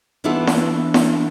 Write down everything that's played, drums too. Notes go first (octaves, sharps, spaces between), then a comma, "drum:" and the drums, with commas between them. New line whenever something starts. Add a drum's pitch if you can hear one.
E3 B3 D4 E4 F4 A4
drum: snare E4
drum: snare E4